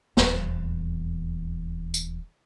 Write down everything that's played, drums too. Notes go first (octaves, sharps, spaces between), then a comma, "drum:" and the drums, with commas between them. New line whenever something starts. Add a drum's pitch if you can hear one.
D#1 E2, drum: snare
drum: tambourine